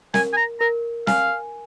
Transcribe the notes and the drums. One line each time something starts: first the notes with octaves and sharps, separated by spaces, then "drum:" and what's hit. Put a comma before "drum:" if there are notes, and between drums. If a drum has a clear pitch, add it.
A#4 G#5, drum: snare
G#5
A#5
A#4 A#5
F5 G#5, drum: snare